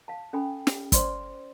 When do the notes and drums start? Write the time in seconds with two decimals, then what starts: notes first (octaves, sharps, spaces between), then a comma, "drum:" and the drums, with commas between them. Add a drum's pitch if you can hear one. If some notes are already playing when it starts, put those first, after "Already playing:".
0.08 F5 A5
0.33 C#4 A4 G5 G#5 B5
0.67 drum: snare
0.92 C5 D5 C6 D6, drum: kick, hi-hat